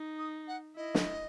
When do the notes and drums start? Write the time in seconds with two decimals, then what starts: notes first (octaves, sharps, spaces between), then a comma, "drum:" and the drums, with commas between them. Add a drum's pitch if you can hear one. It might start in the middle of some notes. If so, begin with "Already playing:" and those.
Already playing: D#4
0.19 D#6
0.48 F#5
0.76 E4 D#5
0.95 drum: snare